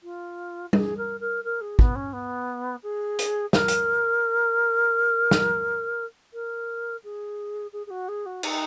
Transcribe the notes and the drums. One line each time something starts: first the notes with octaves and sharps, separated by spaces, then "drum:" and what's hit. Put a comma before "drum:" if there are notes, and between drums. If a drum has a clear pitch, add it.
F4
G#4, drum: tom G3
A#4
A#4
A#4
G#4
B3, drum: kick
C#4
B3
G#4
drum: hi-hat
A#4, drum: snare
drum: hi-hat
drum: snare
A#4
G#4
G#4
G#4
F#4
G#4
F#4
D#4, drum: cymbal